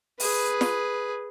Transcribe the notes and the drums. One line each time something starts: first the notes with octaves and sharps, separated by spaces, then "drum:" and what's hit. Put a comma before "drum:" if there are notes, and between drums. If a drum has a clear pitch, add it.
G#4 B4, drum: open hi-hat
drum: snare